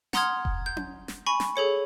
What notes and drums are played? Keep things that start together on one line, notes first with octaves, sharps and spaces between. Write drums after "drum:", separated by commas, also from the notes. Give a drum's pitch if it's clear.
F#5 A#5 C6 D#6 F6 G#6, drum: snare
drum: kick F1
G6
drum: tom C#4
drum: snare
G#5 B5 C#6
drum: snare
G#4 A4 C#5 C#7